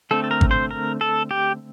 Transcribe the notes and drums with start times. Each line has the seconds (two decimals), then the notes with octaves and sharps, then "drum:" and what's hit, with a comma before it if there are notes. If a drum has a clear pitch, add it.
0.11 D3 A3 C4 A4
0.24 A4
0.31 A#4
0.41 drum: kick
0.51 C5
0.71 A#4
1.01 A4
1.31 G4